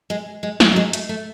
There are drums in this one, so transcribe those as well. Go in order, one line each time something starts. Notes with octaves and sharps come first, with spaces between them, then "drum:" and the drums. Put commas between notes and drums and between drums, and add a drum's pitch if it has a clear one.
G#3
G#3
F#3, drum: snare
F#3
G#3
A3, drum: hi-hat
A3